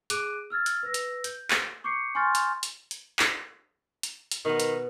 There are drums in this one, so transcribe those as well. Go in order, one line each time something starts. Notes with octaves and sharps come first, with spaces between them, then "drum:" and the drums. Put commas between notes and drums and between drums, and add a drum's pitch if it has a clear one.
G#4 D6 F#6 D7 D#7, drum: hi-hat
E6 F6 G#6 A6
drum: hi-hat
B4 E6 A#6
drum: hi-hat
G6, drum: hi-hat
drum: clap
C#6 D6 G6 C7 C#7
G#5 C6 C#6 F6 G6 A6
drum: hi-hat
drum: hi-hat
drum: hi-hat
drum: clap
drum: hi-hat
drum: hi-hat
B2 D#3 B3
drum: hi-hat